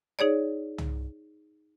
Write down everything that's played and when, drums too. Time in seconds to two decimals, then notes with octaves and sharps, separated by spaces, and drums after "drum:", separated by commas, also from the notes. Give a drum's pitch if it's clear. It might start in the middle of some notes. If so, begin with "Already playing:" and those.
0.19 D#4 G#4 C#5 D5
0.78 drum: tom